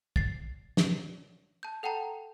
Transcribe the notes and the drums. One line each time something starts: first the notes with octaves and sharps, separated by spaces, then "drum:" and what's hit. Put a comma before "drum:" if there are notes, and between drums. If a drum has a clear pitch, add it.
A6 C7, drum: kick
drum: snare
A5 G6
A4 F#5 G5 A5 A#5